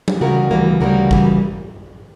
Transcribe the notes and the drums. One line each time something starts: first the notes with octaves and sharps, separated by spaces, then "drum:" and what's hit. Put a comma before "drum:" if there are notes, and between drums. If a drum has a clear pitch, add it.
drum: tom F3
D2 C#3 E3 G3 A#3 F#4 A#4
D2 C#3 E3 G3 A#3
D2 C#3 E3 G3 A#3 F#4 A#4
D2 C#3 E3 G3 A#3, drum: kick A1